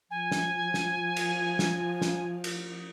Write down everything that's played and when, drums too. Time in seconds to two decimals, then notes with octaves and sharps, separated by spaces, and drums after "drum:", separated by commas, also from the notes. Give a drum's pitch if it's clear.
0.10 F3 G#5
0.32 drum: snare
0.74 drum: snare
1.17 drum: cymbal
1.59 drum: snare
2.02 drum: snare
2.44 drum: cymbal